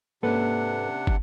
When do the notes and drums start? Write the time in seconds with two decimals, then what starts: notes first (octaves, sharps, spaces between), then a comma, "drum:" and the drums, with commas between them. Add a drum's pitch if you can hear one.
0.23 G#2 C3 A#3 C#4 D4 A4 B4 F#5
1.07 drum: kick